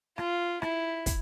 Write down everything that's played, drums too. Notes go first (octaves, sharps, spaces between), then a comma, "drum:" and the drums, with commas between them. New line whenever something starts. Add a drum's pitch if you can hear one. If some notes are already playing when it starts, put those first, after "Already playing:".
F4, drum: rim click
E4, drum: rim click
drum: kick, hi-hat